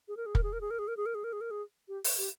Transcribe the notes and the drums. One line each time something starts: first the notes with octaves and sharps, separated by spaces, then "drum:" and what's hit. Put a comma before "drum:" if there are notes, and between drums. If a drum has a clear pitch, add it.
G#4
A#4
G#4
A#4, drum: kick
G#4
A#4
G#4
A#4
G#4
A#4
G#4
A#4
G#4
A#4
G#4
A#4
G#4
G4
drum: open hi-hat
G4